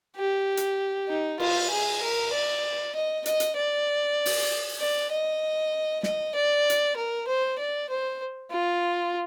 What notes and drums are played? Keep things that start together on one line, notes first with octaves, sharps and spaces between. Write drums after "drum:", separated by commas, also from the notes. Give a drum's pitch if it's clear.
G4
drum: hi-hat
D#4
F4, drum: cymbal
G#4
A#4
D5
D#5
D#5, drum: hi-hat
drum: hi-hat
D5
drum: open hi-hat
D5
D#5
D#5, drum: snare
D5
drum: hi-hat
A#4
C5
D5
C5
F4